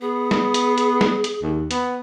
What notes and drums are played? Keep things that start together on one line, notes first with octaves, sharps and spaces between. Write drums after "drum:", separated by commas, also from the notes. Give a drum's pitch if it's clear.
B3 G#4
drum: snare
drum: hi-hat
drum: hi-hat
drum: snare
drum: hi-hat
D#2
B3, drum: hi-hat